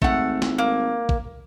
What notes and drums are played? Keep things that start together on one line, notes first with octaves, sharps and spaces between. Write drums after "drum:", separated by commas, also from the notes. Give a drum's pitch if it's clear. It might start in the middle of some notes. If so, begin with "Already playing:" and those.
G#1 A3 F#5, drum: kick
drum: snare
A#3
drum: kick